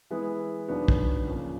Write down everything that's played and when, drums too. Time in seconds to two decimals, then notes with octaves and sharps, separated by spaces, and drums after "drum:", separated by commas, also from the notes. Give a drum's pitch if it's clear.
0.10 E3 G#3 B3 E4 G#4
0.68 D#2 D#3 F#3 B3 D4
0.88 drum: kick
1.27 C#3 F3 A#3